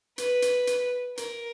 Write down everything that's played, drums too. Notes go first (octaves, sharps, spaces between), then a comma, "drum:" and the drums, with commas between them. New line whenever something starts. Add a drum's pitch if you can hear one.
B4, drum: hi-hat
drum: hi-hat
drum: hi-hat
A#4, drum: hi-hat